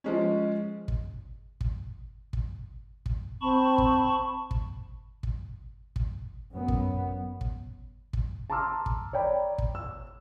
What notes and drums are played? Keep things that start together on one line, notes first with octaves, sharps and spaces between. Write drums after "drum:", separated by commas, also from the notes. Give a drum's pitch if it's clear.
F3 G#3 C#4
drum: kick
drum: kick
drum: kick
drum: kick
C4 A5 B5 C#6
drum: kick
drum: kick
drum: kick
drum: kick
F#2 B3
drum: kick
drum: kick
drum: kick
A5 A#5 C6 D6 E6 F6
drum: kick
C#5 D5 G5 A#5 B5
drum: kick
E6